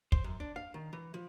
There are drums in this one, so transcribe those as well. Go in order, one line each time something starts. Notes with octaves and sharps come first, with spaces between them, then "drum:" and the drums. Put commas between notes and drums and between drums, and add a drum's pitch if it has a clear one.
C5, drum: kick
F#2
D4
F5
D#3
E3
F3